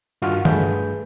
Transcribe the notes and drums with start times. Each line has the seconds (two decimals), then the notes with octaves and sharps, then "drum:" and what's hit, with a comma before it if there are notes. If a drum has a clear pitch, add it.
0.22 G2 D#3 F4 F#4 F6
0.45 G2 A3 G#4 B4 G6, drum: tom D#3